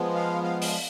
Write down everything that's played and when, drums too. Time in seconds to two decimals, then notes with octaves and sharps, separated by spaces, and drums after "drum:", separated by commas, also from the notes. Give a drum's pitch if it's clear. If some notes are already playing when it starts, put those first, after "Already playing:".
Already playing: F3 G#3 B3
0.15 F5
0.44 F5
0.62 F5, drum: open hi-hat